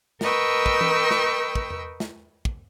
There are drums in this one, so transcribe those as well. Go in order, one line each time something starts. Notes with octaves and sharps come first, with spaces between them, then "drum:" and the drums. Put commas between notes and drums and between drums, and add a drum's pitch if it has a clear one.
A#4 B4 D#5 G5 C#6 E6, drum: snare
drum: kick
drum: tom E3
drum: snare
drum: kick
drum: tom E2
drum: snare
drum: kick